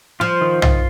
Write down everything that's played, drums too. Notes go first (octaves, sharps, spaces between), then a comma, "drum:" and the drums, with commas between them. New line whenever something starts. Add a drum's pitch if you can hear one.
F3 F4
D#3
F4, drum: tom